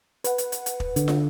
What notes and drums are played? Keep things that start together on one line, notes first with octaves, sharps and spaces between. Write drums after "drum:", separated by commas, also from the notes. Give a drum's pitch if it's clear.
B4 F#5, drum: hi-hat
drum: hi-hat
drum: hi-hat
drum: hi-hat
drum: kick
D3, drum: hi-hat
drum: snare